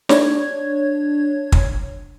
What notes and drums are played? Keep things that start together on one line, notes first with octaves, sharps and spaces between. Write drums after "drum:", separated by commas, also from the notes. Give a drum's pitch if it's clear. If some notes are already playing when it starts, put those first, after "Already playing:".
D4 C#5 G#6, drum: snare
drum: kick